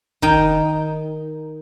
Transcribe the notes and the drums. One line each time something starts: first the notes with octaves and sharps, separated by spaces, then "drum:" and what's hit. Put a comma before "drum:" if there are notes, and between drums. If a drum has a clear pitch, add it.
D#3 D#4 G5, drum: kick